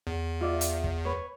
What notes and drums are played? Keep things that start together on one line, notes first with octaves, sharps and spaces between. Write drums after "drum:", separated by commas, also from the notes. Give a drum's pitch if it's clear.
E2
F4 D5 E5
drum: hi-hat
drum: kick
B4 C#5